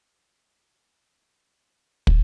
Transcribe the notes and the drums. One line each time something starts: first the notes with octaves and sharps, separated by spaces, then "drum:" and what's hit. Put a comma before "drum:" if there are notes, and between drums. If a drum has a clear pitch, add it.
F#3 F4
drum: kick